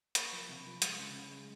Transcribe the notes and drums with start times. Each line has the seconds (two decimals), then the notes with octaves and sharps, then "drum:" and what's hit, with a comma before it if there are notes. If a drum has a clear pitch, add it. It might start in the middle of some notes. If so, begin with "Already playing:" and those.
0.15 A#3 B5 C#6, drum: hi-hat
0.32 F3
0.49 C3
0.66 F3
0.82 G#3, drum: hi-hat
0.99 C#3
1.16 C#3
1.31 G#3